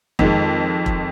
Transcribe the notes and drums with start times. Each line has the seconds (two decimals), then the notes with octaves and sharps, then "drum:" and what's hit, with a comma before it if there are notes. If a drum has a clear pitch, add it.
0.19 F2 D#3 G#3, drum: kick E1
0.86 drum: kick E1